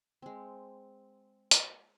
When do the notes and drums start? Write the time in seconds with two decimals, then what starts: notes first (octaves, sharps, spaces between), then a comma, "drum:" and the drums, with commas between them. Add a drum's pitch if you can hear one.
0.22 G#3 C4
1.51 drum: hi-hat